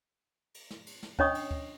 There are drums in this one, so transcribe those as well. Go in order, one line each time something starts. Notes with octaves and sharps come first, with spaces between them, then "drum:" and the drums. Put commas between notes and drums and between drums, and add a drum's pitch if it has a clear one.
drum: cymbal
drum: snare
drum: cymbal
drum: snare
C#4 D4 C#5 D#5 C#6 D#6, drum: kick D2
drum: cymbal
drum: kick D2